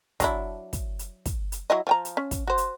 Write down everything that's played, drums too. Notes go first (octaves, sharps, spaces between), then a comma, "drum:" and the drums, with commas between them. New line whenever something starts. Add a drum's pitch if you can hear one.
F#3 D4 E4, drum: kick, hi-hat
drum: kick, hi-hat
drum: hi-hat
drum: kick, hi-hat
drum: hi-hat
F#3 E4 D#5
F3 G5 A#5
drum: hi-hat
C#4
drum: kick, hi-hat
F#4 C5
drum: hi-hat